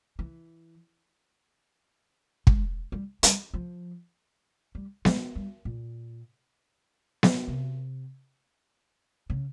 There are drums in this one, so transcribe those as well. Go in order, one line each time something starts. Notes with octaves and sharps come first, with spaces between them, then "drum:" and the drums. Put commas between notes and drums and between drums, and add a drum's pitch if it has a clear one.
E3
G#3, drum: kick
G3
G3, drum: hi-hat
F3
G3
G#3, drum: snare B3
G3
A#2
drum: snare B3
C3
C#3